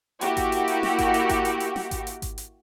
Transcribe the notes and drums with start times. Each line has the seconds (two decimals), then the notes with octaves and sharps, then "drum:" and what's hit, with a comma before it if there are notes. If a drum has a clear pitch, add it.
0.21 A#3 E4 F#4 G4, drum: hi-hat
0.37 drum: kick G#1, hi-hat
0.52 drum: hi-hat
0.68 drum: hi-hat
0.83 drum: snare
0.99 drum: kick G#1, hi-hat
1.14 drum: hi-hat
1.29 drum: kick G#1, hi-hat
1.45 drum: hi-hat
1.60 drum: hi-hat
1.76 drum: snare
1.91 drum: kick G#1, hi-hat
2.07 drum: hi-hat
2.22 drum: kick G#1, hi-hat
2.38 drum: hi-hat